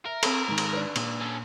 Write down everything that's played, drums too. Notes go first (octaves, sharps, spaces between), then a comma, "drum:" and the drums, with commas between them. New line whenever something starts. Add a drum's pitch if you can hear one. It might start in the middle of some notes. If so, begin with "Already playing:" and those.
A#4 E5
C4 A4 B5, drum: cymbal
G#2 D#3
drum: cymbal
D4 B4
A#2, drum: cymbal
C#4 A4